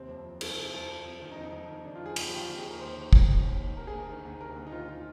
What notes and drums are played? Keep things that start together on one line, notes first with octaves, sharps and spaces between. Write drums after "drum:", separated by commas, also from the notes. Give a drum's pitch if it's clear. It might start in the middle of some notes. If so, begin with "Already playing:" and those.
Already playing: D#2 C3 C4
F2
F3
F2, drum: cymbal
C3
F2
F3
F2
D#3
D#4
F2
D#4
F2
D#3
D#3 D4
F4
F2 G#4
F2 G#4, drum: cymbal
G4
D#3
F4
D#3 G4
G#4
D#2
A#4
D#2 C5
D#3
D#3, drum: kick
D#2
D#2
D#3
C3 A#4
G#4
D2
A#4
D#3
D2
C3 A#4
D2
D#4
D#3 F4
F4